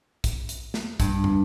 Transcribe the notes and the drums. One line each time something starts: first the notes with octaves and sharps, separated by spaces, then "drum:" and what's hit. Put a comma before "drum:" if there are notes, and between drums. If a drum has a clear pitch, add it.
drum: kick, hi-hat
drum: hi-hat
drum: snare
G2, drum: kick, hi-hat
drum: tom